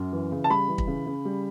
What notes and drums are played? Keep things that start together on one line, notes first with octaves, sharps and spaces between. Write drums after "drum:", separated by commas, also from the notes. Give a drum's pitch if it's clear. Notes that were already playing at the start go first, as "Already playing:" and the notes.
Already playing: F#2
E3
C#3
A5
G3 B5
E3
drum: kick
C#3
C#3
G3